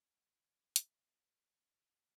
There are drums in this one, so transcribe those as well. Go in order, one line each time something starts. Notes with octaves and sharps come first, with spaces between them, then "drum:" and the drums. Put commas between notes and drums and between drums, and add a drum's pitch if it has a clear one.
F#5 G#5
F5 G5
E5 F#5, drum: hi-hat